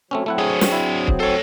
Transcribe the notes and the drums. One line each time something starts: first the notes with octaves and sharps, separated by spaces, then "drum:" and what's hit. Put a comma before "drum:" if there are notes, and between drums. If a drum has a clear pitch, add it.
F#3 A3 C4 C#4
F#3 A3 C4 E4 F#5
D4 G#4 C#5
drum: snare
E4
drum: kick
A4 C5 C#5 G#5